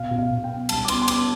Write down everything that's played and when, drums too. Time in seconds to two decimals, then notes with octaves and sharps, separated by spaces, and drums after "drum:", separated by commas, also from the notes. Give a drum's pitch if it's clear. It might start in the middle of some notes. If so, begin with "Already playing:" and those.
Already playing: B2 F5
0.11 B2
0.18 F5
0.31 B2
0.44 G5
0.50 B3
0.69 G3 A5, drum: cymbal
0.85 D6
0.88 B3 C6, drum: cymbal
1.02 C6
1.08 B3 D6, drum: cymbal